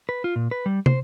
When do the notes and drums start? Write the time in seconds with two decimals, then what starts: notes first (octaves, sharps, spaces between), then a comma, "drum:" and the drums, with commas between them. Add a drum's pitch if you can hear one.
0.09 B4
0.24 F4
0.36 A#2
0.51 B4
0.66 G3
0.86 C5, drum: tom